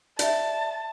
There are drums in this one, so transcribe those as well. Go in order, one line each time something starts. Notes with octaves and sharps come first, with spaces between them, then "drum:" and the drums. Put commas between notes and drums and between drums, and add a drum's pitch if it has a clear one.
D5 E5 A5, drum: hi-hat